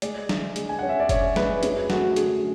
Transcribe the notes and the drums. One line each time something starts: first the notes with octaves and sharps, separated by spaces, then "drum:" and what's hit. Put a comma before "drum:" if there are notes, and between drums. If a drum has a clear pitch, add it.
G#3 D5, drum: hi-hat
D3, drum: snare
G#3, drum: hi-hat
G#5
C#4 F#5
E5
D5
C#4 C#5, drum: kick F1, hi-hat
G#3 B4, drum: snare
F#2 G#4, drum: hi-hat
A3 F#4, drum: snare
D3 G#4, drum: hi-hat